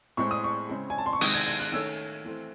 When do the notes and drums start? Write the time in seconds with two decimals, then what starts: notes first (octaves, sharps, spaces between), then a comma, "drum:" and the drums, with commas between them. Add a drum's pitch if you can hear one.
0.17 A2 G#3 C4 C#6
0.31 D#6
0.44 C#6
0.69 C#3 G#3 C4
0.90 G#5
0.98 A5
1.06 C6
1.13 C#6
1.21 C3 D#3 G#3 D#6, drum: cymbal
1.34 G#6
1.47 G#6
1.60 F#6
1.72 D#3 A3 C#4 E6
2.25 E3 A3 C4